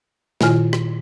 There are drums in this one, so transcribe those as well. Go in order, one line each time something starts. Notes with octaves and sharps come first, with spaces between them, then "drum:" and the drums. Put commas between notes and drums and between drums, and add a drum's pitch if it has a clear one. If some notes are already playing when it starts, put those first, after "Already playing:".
A#2 D#3 E4 F4 G#5 F6, drum: snare
drum: rim click